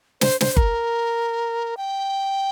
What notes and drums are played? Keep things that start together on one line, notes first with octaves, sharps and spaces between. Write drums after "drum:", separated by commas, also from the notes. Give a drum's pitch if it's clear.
C5, drum: snare
C5, drum: snare
C5
A#4, drum: kick G1
G5